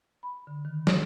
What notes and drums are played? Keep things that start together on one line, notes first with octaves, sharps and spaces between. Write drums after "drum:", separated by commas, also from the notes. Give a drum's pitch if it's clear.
B5
D3
D#3
drum: snare